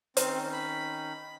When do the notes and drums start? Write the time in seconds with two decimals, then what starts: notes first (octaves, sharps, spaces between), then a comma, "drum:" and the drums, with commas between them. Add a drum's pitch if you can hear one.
0.17 D#3 C4 C#4 D#4, drum: hi-hat
0.53 B5